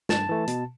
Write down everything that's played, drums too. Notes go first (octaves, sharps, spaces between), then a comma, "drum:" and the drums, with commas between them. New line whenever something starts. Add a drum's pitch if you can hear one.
G2 A5, drum: snare
E3 A3
B2, drum: hi-hat